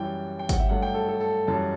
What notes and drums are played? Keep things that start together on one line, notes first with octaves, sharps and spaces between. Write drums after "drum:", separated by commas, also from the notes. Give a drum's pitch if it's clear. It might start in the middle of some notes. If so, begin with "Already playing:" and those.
Already playing: F#2 E3 G3 G5
G5
F#5, drum: kick, hi-hat
E5
G2 F#3 A3 F#5
G5
A4
A4
A4
F#2 E3 G3 A5